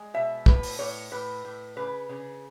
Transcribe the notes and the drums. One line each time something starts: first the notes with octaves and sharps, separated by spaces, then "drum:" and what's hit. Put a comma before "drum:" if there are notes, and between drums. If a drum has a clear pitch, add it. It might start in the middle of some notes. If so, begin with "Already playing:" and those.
Already playing: G#3
B2 E5
A2 B4, drum: kick
drum: open hi-hat
A2 C#5
A2 B4
A2
C#3 B4
C#3